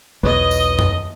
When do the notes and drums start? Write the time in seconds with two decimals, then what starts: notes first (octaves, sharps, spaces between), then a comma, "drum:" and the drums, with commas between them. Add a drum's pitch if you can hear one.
0.23 B1 E2 B4 C#5 D#5
0.51 drum: tambourine
0.79 drum: tom F#2